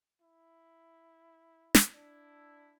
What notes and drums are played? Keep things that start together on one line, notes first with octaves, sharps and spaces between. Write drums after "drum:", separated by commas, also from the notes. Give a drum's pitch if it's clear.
E4
drum: snare
D4 E4